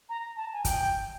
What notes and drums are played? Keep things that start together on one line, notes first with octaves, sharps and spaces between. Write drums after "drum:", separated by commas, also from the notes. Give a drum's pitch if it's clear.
A#5
A5
G#5
G5, drum: kick, hi-hat